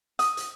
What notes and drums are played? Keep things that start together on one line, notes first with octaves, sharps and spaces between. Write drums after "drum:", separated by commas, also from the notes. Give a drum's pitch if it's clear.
D#6, drum: hi-hat
drum: hi-hat